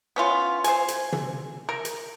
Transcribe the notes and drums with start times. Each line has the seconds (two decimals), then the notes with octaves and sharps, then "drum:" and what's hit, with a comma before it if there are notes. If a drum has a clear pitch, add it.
0.16 B3 C#4 F4
0.64 C5 G#5, drum: hi-hat
0.88 drum: hi-hat
1.12 drum: tom
1.69 A#4
1.85 drum: hi-hat